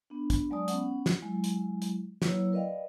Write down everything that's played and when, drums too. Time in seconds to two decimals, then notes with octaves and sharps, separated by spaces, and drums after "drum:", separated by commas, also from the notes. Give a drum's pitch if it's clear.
0.10 B3 D4
0.30 drum: kick, hi-hat
0.50 F#3 G#3 D5 A5 D#6
0.68 B3 C#4 F#5, drum: hi-hat
1.06 drum: snare
1.22 F#3 G#3 E4
1.44 drum: hi-hat
1.82 drum: hi-hat
2.22 F#3 A#3 E4 B4 C#5 E6, drum: snare
2.52 A#4 B4 D5 D#5 F5 G5